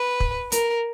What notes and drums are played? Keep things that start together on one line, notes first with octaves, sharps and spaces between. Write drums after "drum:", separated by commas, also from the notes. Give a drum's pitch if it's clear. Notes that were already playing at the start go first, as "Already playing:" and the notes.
Already playing: B4
drum: kick
A#4, drum: hi-hat